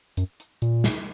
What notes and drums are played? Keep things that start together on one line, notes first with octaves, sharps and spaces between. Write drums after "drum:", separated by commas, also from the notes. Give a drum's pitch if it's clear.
F#2, drum: hi-hat
drum: hi-hat
A#2, drum: hi-hat
drum: snare